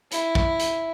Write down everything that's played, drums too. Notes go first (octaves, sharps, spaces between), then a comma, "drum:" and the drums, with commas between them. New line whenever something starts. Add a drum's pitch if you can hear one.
E4, drum: hi-hat
drum: kick
drum: hi-hat